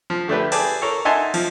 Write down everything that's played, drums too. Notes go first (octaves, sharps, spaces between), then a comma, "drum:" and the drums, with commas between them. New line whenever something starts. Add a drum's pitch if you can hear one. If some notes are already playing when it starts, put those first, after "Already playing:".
F3
D3 A3 D4 G4 B4
G#4 B4 D5 G5 A5, drum: cymbal
A4 A#4 C#5 A#5
D#4 E5 F#5 G#5 A5 C6
F3, drum: cymbal